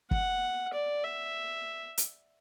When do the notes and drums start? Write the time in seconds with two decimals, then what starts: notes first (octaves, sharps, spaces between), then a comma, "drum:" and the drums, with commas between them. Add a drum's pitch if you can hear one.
0.11 F#5, drum: kick
0.73 D5
1.04 E5
1.98 drum: hi-hat